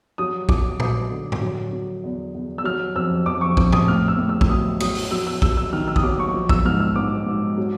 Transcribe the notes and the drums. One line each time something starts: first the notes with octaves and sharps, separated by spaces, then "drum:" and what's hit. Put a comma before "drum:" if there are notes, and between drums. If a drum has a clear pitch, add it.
F#3 D#6
F#3 D6, drum: kick
F#3 D#6, drum: tom
D3
drum: tom A2
F#3
F#3
E2
E2
E6
F#3 F6
F2 E6
F2 D6
C#6
F2 D6, drum: kick
D#6, drum: tom A2
A2 F6
E6
A2
E6
E6, drum: kick
F#3 D#6
F#3 D#6, drum: cymbal
drum: open hi-hat
F#3 E6
E6
F#3 E6, drum: kick
E6
D#3 F6
E6
D#6, drum: kick
F#3 D6
C#6
F3
E6, drum: kick
G#2 F6
E6
G#2 D6
G#2
F#3